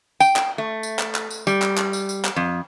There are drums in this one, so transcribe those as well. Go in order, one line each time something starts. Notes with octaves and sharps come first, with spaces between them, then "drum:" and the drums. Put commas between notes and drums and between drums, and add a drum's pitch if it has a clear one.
G5, drum: tambourine
drum: clap
A3
drum: tambourine
drum: clap
drum: clap
drum: tambourine
G3, drum: tambourine
drum: clap
drum: clap
drum: tambourine
drum: tambourine
drum: clap
F2